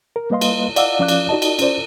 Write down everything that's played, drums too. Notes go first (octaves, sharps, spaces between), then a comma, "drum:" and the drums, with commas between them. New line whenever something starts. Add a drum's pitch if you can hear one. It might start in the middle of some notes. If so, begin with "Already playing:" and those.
A#4
G3 A#3 B4 D#5 F5 C6
drum: cymbal
D5 D#5 F5 F#5 D6 E6, drum: cymbal
F3 C#4 D5 F5 D6 F#6
drum: cymbal
D#4 F#4 D5 D#5 A5
drum: cymbal
C#4 F4 C5 D5, drum: cymbal